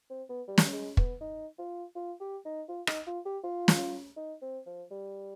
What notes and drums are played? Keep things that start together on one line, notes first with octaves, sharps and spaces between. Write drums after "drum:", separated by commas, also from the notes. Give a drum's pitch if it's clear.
C4
B3
G3
drum: snare
G#3
B3, drum: kick
D#4
F4
F4
G4
D#4
F4
D#4, drum: rim click
F4
G4
F4
drum: snare
D#4
C4
F3
G3